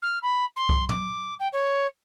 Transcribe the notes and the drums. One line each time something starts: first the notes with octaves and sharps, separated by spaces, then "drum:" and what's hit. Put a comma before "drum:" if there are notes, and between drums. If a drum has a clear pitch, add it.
F6
B5
C6
drum: kick C2
D6, drum: tom
G5
C#5